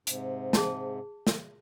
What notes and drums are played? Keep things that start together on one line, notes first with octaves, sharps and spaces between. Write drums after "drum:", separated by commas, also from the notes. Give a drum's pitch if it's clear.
G#2 C3, drum: hi-hat
G#4 A5, drum: snare
drum: snare